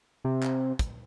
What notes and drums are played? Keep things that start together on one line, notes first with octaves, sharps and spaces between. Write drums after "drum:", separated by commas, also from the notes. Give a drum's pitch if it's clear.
C3
drum: clap
drum: kick, hi-hat